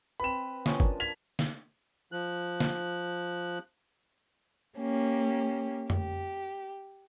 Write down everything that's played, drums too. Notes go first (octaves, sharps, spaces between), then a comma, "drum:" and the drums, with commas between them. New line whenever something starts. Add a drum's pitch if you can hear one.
C4 B4 B5 E7
F3 C#4 D#6, drum: snare
A#3 D4, drum: kick G1
G#6 B6 F7
drum: snare
F3 F#6
drum: snare
A#3 C#4 G4
G4, drum: tom F2